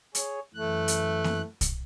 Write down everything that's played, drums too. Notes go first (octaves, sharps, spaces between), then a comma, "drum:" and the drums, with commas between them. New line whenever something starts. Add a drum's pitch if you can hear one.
G#4 C#5, drum: hi-hat
F#2 E3 A3 F#6
drum: hi-hat
drum: snare A#3
drum: kick B1, hi-hat